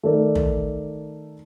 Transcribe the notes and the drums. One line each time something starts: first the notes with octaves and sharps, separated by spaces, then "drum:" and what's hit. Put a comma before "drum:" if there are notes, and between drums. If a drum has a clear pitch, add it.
D#3 A3 D#4 A#4 D5
drum: tom